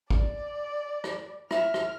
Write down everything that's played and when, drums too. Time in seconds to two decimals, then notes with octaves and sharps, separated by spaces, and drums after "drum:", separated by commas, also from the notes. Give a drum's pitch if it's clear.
0.10 D5, drum: kick
1.04 drum: rim click
1.51 E5 F6, drum: rim click
1.74 drum: rim click